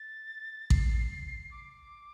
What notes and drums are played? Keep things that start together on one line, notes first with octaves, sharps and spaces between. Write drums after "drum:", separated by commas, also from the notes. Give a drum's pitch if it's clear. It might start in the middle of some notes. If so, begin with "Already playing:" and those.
Already playing: A6
C7, drum: kick A1
D6